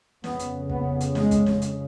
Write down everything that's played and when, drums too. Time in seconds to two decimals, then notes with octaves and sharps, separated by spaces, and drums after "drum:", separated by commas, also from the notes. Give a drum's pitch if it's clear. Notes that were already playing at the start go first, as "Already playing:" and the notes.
0.24 F2 C#3 B3, drum: snare
0.39 drum: hi-hat
0.70 B3, drum: kick
1.00 drum: hi-hat
1.15 G#3, drum: snare
1.31 drum: kick, hi-hat
1.46 drum: snare
1.62 drum: hi-hat